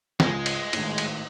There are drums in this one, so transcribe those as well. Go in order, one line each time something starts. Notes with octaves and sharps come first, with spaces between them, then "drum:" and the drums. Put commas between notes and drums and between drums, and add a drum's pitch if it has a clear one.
C#2 G#2 G#3, drum: snare
drum: cymbal
G#1 A2, drum: cymbal
drum: cymbal